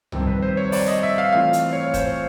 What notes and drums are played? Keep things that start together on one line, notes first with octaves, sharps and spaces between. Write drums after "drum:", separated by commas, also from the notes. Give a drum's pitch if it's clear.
F2 C3 D#3 G3 C4, drum: tom C2
B4
C5
C#5
D5, drum: open hi-hat
D#5
E5
F5
E3 A3 C4 F4 F5
drum: hi-hat
C#5
C5, drum: kick, hi-hat